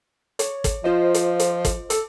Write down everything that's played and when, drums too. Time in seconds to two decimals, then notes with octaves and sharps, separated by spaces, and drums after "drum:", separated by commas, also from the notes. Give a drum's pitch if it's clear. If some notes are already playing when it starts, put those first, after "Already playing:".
0.39 C#5, drum: hi-hat
0.64 drum: kick, hi-hat
0.84 F3 F4 C5 D#5
1.14 drum: hi-hat
1.39 drum: hi-hat
1.65 drum: kick, hi-hat
1.90 A4, drum: hi-hat